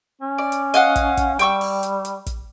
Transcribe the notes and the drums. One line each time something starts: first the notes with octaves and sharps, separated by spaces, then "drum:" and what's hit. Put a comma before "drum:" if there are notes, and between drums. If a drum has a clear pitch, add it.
C#4
D5
drum: hi-hat
D#5 F5 F#5, drum: hi-hat
drum: kick, hi-hat
drum: kick, hi-hat
G3 G5 C#6 E6, drum: hi-hat
drum: open hi-hat
drum: hi-hat
drum: hi-hat
drum: kick, hi-hat